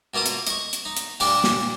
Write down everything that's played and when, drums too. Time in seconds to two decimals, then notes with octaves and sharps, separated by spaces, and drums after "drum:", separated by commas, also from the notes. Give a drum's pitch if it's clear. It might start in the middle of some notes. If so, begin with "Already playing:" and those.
0.14 B2 A#3 F4 A5 D#6
0.26 drum: hi-hat
0.47 D#5 C#6, drum: hi-hat
0.73 drum: hi-hat
0.85 D#4
0.97 drum: hi-hat
1.20 A#2 G3 D4 D5 A5 D6, drum: open hi-hat
1.44 drum: snare